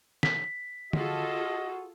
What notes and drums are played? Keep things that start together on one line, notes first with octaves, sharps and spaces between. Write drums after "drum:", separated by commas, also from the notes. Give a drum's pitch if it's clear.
B6, drum: snare
F4 F#4 G#4 A4 D#5, drum: tom D3